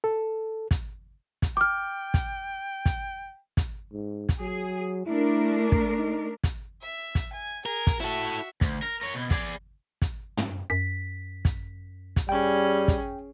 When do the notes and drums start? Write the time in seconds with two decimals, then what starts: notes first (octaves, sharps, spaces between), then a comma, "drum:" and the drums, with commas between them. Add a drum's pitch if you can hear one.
0.04 A4
0.71 drum: kick, hi-hat
1.42 drum: kick, hi-hat
1.57 G5 D6 F6
2.14 drum: kick, hi-hat
2.86 drum: kick, hi-hat
3.57 drum: kick, hi-hat
3.93 G#2
4.29 drum: kick, hi-hat
4.41 F#3 G#4
5.06 A3 D4 E4 A#4
5.72 drum: kick
5.98 D#4
6.44 drum: kick, hi-hat
6.81 E5
7.15 drum: kick, hi-hat
7.33 G#5
7.66 G#4 A#4
7.87 drum: kick, hi-hat
8.00 E4 F#4 A4 E5
8.61 D2, drum: kick, hi-hat
8.82 A#4
9.02 A#4 C#5
9.14 B2
9.31 G#4 D5, drum: kick, hi-hat
10.02 drum: kick, hi-hat
10.37 drum: tom
10.70 F#2 B6
11.45 drum: kick, hi-hat
12.16 drum: kick, hi-hat
12.29 G3 C#4 G#4 G5
12.88 drum: kick, hi-hat